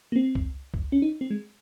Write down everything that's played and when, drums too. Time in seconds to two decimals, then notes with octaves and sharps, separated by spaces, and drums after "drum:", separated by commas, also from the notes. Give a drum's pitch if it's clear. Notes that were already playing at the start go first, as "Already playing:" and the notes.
0.12 A#3
0.16 C4
0.35 drum: kick C#2
0.74 drum: kick C#2
0.92 C#4
1.02 D#4
1.21 C4
1.31 G#3